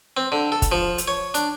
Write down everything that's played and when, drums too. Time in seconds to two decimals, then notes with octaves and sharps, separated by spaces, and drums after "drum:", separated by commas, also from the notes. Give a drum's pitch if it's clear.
0.17 C4
0.32 D3
0.52 A4
0.62 drum: kick, hi-hat
0.72 F3
0.98 drum: hi-hat
1.08 C#5
1.34 D4, drum: hi-hat